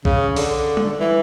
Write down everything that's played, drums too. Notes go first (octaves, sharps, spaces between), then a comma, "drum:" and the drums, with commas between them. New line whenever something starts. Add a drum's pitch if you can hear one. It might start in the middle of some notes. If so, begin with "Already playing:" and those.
C#3, drum: kick B1
D3, drum: open hi-hat
drum: tom G3
E3